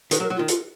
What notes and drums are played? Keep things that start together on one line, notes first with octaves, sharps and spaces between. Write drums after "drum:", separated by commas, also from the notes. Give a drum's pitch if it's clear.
D#3 B4, drum: hi-hat
F#3
A#4
F#3
F4
D#3
F4, drum: hi-hat